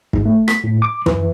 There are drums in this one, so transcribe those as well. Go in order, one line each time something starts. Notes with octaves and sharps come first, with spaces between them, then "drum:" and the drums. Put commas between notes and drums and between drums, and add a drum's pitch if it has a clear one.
G#2, drum: kick
A3
B6, drum: rim click
A2
D6
E3, drum: tom F#2